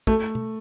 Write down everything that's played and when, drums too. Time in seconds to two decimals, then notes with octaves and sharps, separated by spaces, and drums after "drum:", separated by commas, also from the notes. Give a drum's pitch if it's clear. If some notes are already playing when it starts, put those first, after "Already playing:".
0.07 A3, drum: kick
0.35 drum: tom B2